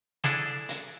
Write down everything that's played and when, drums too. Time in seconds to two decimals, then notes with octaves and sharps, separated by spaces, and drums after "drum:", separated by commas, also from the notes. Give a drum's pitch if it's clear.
0.24 D4 E4 G#4 A4, drum: snare
0.69 drum: hi-hat